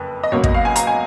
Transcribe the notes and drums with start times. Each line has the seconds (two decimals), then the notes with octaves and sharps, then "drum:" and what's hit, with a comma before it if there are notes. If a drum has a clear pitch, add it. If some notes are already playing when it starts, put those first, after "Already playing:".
Already playing: F#1 F2 B4
0.23 D#5
0.32 C#2 B2 F#3 A#3 C#5
0.44 D#5, drum: kick
0.54 F5
0.65 G#5
0.76 A#5, drum: hi-hat
0.87 G#5